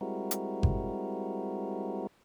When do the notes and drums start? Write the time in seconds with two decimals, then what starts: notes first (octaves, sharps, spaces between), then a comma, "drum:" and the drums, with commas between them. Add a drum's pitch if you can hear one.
0.01 G3 G#3 C4 E4 F#4 A#4
0.31 drum: hi-hat
0.63 drum: kick G1